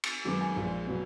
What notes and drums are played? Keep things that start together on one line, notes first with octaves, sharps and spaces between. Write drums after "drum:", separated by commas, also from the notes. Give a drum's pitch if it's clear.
drum: cymbal
F#2 D#3 G#3 B3 D6
G#5
A#1 A#2 G#3
B2 F#3 B3